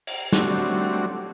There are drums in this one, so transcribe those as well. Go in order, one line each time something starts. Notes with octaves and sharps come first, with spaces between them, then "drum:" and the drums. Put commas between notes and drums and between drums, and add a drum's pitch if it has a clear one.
drum: cymbal
F#3 G3 A3 C4 D4 F#4, drum: snare